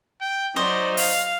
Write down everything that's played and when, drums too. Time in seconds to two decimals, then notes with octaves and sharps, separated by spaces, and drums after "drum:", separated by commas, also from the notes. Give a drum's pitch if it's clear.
0.21 G5
0.56 F#3 D#4 C5 D5 D#5
0.97 F5, drum: open hi-hat